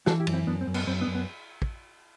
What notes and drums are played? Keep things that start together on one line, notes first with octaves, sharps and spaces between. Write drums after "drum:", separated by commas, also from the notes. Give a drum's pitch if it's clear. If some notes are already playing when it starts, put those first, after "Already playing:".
E3 F#4 A4, drum: snare
E4 G4
F#2, drum: cymbal
C4 E4
F#2 B3 D4
C4
F#2
B3, drum: cymbal
F#2 C4
B3 D4
F#2
B3
drum: kick